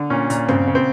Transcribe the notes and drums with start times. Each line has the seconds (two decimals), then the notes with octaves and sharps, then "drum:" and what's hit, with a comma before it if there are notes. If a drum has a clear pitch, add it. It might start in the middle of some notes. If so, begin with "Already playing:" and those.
Already playing: D3
0.10 A#2 C#4
0.30 A#2, drum: hi-hat
0.48 C#3 C4, drum: tom
0.67 C#3
0.75 C4